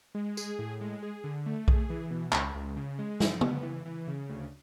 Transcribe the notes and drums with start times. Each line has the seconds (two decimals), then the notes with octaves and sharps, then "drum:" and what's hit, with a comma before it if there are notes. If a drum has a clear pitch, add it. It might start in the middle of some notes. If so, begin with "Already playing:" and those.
0.15 G#3
0.37 G#4, drum: tambourine
0.59 A2
0.81 G#3
1.03 G#4
1.24 D3
1.46 A3
1.68 G#4, drum: kick B1
1.90 E3
2.10 B2
2.32 C#2, drum: clap
2.55 C#2
2.76 C#3
2.99 G#3
3.20 F#2, drum: snare
3.41 B3, drum: tom C#3
3.63 E3
3.85 E3
4.07 C#3
4.29 D2